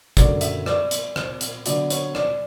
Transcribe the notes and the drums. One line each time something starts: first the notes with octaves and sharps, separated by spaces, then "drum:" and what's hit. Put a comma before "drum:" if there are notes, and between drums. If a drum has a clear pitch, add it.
F#2 D3 F#3 A3 D5, drum: kick, hi-hat
E5, drum: hi-hat
D5, drum: rim click
drum: hi-hat
drum: rim click
drum: hi-hat
D3 F#3 B3 D5, drum: hi-hat
C#5, drum: hi-hat
D5, drum: rim click